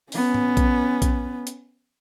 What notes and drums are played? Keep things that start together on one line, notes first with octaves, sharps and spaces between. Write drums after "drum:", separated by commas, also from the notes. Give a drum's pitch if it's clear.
B3 C#4, drum: open hi-hat
drum: tom
drum: kick, hi-hat
drum: kick, hi-hat
drum: hi-hat